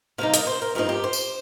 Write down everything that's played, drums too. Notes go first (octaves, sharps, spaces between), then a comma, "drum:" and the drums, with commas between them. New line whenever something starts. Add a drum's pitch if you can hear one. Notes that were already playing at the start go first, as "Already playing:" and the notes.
C3 G3 A#3 D#4 F5
D#5, drum: hi-hat
C5
A#4
G2 F3 C4 D#4 A#4
G4
C5
drum: tambourine